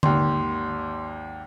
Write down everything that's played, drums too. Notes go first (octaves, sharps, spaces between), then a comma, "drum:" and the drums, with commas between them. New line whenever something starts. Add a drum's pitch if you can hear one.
G#1 D#2 C6, drum: tom D3